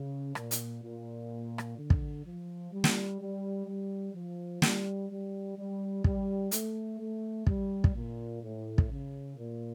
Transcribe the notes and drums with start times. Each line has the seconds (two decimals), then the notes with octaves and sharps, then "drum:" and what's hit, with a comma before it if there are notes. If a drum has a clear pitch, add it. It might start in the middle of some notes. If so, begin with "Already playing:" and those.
Already playing: C#3
0.35 A#2, drum: rim click
0.51 drum: hi-hat
0.83 A#2
1.58 drum: rim click
1.78 D3
1.90 drum: kick
2.25 F3
2.72 G3
2.84 drum: snare
3.20 G3
3.67 G3
4.14 F3
4.62 G3, drum: snare
5.09 G3
5.57 G3
6.04 G3, drum: kick
6.51 A3, drum: hi-hat
6.99 A3
7.47 G3, drum: kick
7.84 drum: kick
7.94 A#2
8.42 A2
8.78 drum: kick
8.89 C#3
9.36 A#2